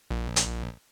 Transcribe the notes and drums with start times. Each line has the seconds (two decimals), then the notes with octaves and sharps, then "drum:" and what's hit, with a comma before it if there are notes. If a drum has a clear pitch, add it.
0.11 A#1
0.36 drum: hi-hat